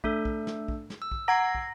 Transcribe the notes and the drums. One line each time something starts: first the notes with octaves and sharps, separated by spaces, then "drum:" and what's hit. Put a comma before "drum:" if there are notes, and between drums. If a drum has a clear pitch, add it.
A3 D4 A4, drum: kick
drum: kick
drum: snare
drum: kick
drum: snare
E6
drum: kick
F#5 A#5 E6 G#6 A#6 C7
drum: kick